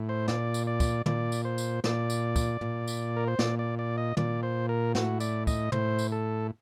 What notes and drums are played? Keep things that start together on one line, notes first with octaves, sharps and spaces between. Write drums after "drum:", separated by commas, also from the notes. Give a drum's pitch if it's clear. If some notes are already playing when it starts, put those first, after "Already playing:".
Already playing: A2
C5
A#2 D5, drum: snare
drum: tambourine
D5
drum: kick, tambourine
A#2 D5, drum: tom
drum: tambourine
C5
drum: tambourine
A#2 D5, drum: snare
drum: tambourine
drum: kick, tambourine
A#2, drum: tom
drum: tambourine
A#4
C5
A#2 D5, drum: snare
D5
D5
D#5
A#2 D5, drum: tom
C5
A#4
A2 F#4, drum: snare
D5, drum: tambourine
D#5, drum: kick, tambourine
A2 C5, drum: tom
drum: tambourine
A4